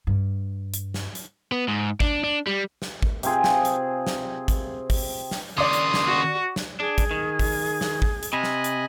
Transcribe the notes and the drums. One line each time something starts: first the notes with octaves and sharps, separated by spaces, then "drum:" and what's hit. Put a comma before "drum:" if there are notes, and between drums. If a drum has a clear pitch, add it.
G2
drum: hi-hat
drum: snare
drum: hi-hat
B3
G#2
D4, drum: kick
D4
G3
drum: snare
drum: kick
C3 C4 F4 G#4, drum: hi-hat
drum: snare
drum: hi-hat
drum: snare
drum: kick, hi-hat
drum: kick, open hi-hat
drum: snare
D#2 C#3 D5 C6 D6 D#6
drum: hi-hat
drum: snare
F#4
drum: snare
D4 G#4
drum: kick, hi-hat
D#3
drum: kick, open hi-hat
drum: snare
drum: kick
drum: hi-hat
C3 D#5 G#5 B5
drum: snare
drum: hi-hat